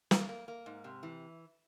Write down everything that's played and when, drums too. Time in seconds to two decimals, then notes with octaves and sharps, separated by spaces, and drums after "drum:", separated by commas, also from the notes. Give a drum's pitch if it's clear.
0.11 A#3, drum: snare
0.29 A#3
0.48 A#3
0.66 G#2
0.84 C3
1.03 E3